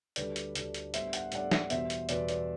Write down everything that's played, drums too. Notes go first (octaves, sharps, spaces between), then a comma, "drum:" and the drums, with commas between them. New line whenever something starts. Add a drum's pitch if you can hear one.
D2 D3 G3 D4 B4 D5, drum: hi-hat
drum: hi-hat
D2 D3 G3 D4, drum: hi-hat
drum: hi-hat
A2 G3 B3 D4 C5 E5, drum: hi-hat
F#5, drum: hi-hat
A2 G3 B3 D4 D5 F#5, drum: hi-hat
drum: snare
E2 B2 G3 C5 E5, drum: hi-hat
drum: hi-hat
E2 B2 G3 B4 D5, drum: hi-hat
B4 D5, drum: hi-hat